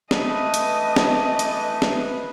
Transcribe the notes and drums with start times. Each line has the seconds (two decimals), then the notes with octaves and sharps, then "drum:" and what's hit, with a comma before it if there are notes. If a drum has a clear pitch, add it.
0.11 E3 A3 B4 D#5 A5, drum: snare
0.54 drum: hi-hat
0.96 drum: snare
1.39 drum: hi-hat
1.82 drum: snare